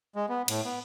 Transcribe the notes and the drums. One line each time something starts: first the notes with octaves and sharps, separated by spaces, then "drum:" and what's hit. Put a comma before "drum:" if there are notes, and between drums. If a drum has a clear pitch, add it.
G#3
B3
A2, drum: cymbal
B3